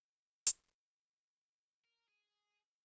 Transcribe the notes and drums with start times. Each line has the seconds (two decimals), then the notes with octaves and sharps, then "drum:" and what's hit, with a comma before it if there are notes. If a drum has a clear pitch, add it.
0.47 drum: hi-hat
1.85 A#4
2.09 G#4